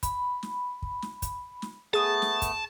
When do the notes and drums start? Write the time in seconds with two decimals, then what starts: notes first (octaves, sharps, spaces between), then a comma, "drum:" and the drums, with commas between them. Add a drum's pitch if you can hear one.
0.03 B5, drum: kick, hi-hat
0.43 drum: snare
0.82 drum: kick
1.02 drum: snare
1.22 drum: kick, hi-hat
1.62 drum: snare
1.94 A3 B3 G#4 A5 D#6
2.22 drum: snare
2.42 drum: kick, hi-hat